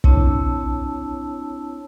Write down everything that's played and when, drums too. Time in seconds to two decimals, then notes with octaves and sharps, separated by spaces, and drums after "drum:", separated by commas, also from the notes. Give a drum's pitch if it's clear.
0.04 C4 D4 E4 C#5 A5 E6, drum: kick